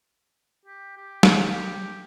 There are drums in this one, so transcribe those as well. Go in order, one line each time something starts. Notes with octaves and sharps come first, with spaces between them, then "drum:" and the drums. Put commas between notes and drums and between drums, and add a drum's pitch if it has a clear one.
G4
G4
drum: snare
G4